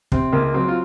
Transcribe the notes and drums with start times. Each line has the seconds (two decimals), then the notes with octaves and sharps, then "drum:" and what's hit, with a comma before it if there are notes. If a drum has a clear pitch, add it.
0.12 C3 C4, drum: kick
0.33 C#2 A#3
0.54 F#3 C4
0.68 F4